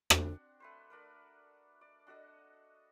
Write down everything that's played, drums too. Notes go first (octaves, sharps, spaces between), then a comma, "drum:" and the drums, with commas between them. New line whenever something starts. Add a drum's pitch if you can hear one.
C4 D4 F#4, drum: rim click
A3 B4 C5
A3 D4 A#4 B4
D5
D4 F#4 A4 D#5